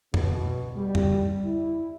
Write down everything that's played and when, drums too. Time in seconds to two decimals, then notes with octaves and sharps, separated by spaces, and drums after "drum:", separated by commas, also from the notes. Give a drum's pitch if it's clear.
0.14 B2, drum: tom F2
0.77 G3
0.95 drum: tom F2
1.44 E4